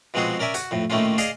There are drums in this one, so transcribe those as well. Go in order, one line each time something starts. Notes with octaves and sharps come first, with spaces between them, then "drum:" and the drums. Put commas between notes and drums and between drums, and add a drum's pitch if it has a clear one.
B2 F3 G#3 C4 F#4 G#4
C#4 A#4 D5 E5 G#5
F#4, drum: hi-hat
F2 A2
A2 D#3 A3 A#3 C#4 F4
G#4 D5 D#5 F5, drum: hi-hat